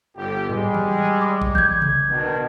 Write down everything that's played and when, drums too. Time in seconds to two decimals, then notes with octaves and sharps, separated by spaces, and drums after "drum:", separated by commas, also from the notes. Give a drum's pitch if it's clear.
0.16 G1 G4
0.50 G3 G#3, drum: tom G#2
0.75 drum: tom D#3
1.21 D6
1.42 drum: kick A#1
1.55 G6 G#6, drum: tom D#3
1.82 drum: tom C3
2.10 B2 D#3 D4